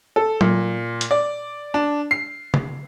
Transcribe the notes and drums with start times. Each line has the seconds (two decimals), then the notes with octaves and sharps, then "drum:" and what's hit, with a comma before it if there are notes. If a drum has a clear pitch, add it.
0.16 A4
0.41 A#2, drum: tom
1.01 drum: hi-hat
1.11 D5
1.74 D4
2.11 C7
2.54 drum: tom C3